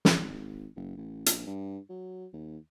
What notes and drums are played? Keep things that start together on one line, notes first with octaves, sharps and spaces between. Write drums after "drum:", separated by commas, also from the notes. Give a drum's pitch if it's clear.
drum: snare
G#1
F#1
A1
A#1, drum: hi-hat
G2
F#3
D#2